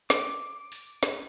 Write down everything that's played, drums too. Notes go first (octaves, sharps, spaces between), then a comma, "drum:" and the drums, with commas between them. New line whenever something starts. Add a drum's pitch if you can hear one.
D6, drum: snare
drum: open hi-hat
drum: snare